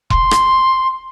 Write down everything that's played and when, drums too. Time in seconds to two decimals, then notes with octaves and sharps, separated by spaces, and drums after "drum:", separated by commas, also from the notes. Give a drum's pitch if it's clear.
0.10 C6, drum: kick E1
0.31 drum: rim click